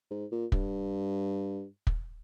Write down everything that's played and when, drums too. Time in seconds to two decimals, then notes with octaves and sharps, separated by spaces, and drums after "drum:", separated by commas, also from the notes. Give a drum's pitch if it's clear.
0.11 G#2
0.32 A#2
0.52 G2, drum: kick
1.87 drum: kick